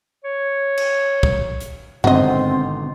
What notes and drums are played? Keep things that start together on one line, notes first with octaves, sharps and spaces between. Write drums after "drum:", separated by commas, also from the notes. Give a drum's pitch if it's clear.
C#5
drum: cymbal
drum: kick
drum: hi-hat
G#1 B2 D3 C4 F4 F#4 D#5, drum: tom G2